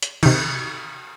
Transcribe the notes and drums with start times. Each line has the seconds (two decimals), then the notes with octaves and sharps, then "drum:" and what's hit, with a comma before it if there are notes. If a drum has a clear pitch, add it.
0.03 drum: hi-hat
0.23 C3 D#3, drum: cymbal